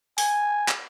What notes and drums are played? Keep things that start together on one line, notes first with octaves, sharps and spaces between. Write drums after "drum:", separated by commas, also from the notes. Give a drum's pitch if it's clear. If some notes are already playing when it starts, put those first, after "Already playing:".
G#5, drum: open hi-hat
drum: clap